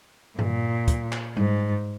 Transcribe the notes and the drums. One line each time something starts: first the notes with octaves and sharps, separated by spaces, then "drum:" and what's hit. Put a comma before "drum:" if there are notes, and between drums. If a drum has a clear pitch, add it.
A#2, drum: tom G2
drum: kick, hi-hat
drum: clap
G#2, drum: tom G3